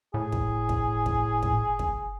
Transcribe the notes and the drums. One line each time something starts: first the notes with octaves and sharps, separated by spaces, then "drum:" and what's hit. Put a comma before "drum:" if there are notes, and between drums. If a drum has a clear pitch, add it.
A2 G#4
drum: kick
drum: kick
drum: kick
drum: kick
drum: kick